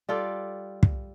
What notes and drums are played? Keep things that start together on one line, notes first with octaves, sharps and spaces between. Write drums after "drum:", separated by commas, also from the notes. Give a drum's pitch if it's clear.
G3 F4 A4 D5
drum: kick